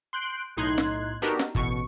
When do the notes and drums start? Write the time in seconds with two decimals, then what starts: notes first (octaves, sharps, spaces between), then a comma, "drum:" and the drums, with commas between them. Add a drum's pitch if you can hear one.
0.13 C6 F#6 G6 D7
0.57 B1 A2 D#4 C6 F#6 G#6
0.78 drum: snare
1.22 B3 D4 D#4 F#4 G4 A#4
1.39 drum: snare
1.55 A1 B2 C#6, drum: kick